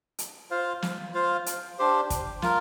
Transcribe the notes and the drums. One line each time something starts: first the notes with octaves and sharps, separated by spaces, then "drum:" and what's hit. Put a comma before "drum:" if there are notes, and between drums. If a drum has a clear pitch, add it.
drum: hi-hat
F4 C5 F5
drum: snare
F4 C5 F5
drum: hi-hat
D4 G4 C5
drum: kick, hi-hat
F4 A#4, drum: snare